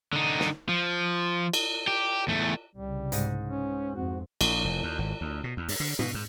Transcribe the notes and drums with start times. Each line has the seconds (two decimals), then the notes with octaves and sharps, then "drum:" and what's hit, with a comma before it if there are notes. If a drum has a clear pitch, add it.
0.13 D3 D#4
0.40 drum: snare
0.69 F3
1.53 drum: cymbal
1.88 G4
2.28 E2 A3
2.75 C2 C#3 G3
3.12 G#2, drum: hi-hat
3.46 C#4
3.95 F2 C4 F#4
4.41 A#1, drum: cymbal
4.65 F1
4.83 D#2
4.99 G#1
5.21 D2
5.44 B2
5.57 E2
5.68 G2, drum: open hi-hat
5.80 D3
5.99 B2, drum: tom G#2
6.14 G#2